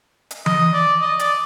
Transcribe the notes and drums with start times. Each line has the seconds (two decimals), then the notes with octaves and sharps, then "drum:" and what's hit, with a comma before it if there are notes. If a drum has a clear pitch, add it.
0.31 drum: hi-hat
0.46 D#5, drum: tom E3
0.73 D5
1.01 D#5
1.19 D5, drum: hi-hat